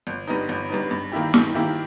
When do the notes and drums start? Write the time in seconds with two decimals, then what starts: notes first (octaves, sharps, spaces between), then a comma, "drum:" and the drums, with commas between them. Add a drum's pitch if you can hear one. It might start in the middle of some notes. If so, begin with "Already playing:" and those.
0.07 G1
0.27 G2 G3 B3 D#4
0.49 G1
0.70 G2 G3 B3 D#4
0.91 G2
1.12 D#3 A#3 E4 G4
1.34 G2, drum: snare
1.55 D#3 A#3 E4 G4